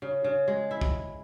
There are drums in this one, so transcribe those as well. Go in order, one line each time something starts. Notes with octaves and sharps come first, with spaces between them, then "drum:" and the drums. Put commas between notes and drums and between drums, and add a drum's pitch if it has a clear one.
C#3
C#3
G#3
E4
drum: kick